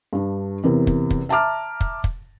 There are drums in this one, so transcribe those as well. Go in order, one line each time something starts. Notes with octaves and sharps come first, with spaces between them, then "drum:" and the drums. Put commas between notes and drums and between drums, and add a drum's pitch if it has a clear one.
G2 D4
E2 C3 A#4
drum: kick
drum: kick
E5 A5 A#5 D6 F6
drum: kick
drum: kick